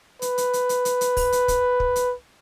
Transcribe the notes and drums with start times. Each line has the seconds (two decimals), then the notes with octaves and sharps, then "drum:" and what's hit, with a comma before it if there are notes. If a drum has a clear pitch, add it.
0.22 B4, drum: hi-hat
0.38 drum: hi-hat
0.53 drum: hi-hat
0.69 drum: hi-hat
0.85 drum: hi-hat
1.01 drum: hi-hat
1.17 drum: kick, open hi-hat
1.32 drum: hi-hat
1.48 drum: kick, hi-hat
1.80 drum: kick
1.96 drum: hi-hat